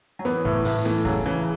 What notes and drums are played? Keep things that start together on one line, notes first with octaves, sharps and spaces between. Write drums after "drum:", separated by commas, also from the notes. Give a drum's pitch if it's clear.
F#3
E3 B3, drum: hi-hat
A2, drum: kick
A2, drum: open hi-hat
E3 A3, drum: snare
C#3 F#3, drum: kick, hi-hat
C#3 E3